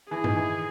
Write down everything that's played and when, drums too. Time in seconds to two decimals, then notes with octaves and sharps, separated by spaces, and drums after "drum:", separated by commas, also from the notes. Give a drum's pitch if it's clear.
0.11 E3 G#4
0.24 D#3, drum: tom G2
0.36 E3